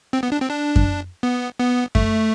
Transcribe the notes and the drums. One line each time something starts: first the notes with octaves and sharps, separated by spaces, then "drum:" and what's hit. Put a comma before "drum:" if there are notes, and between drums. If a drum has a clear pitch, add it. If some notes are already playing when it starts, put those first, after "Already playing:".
C4
B3
D4
C4
D4
drum: kick F#2
B3
B3
A3, drum: kick F#2